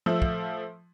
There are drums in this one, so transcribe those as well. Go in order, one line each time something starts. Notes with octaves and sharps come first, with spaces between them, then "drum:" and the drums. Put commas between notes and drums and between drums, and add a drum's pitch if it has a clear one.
F3 A3 E6
drum: kick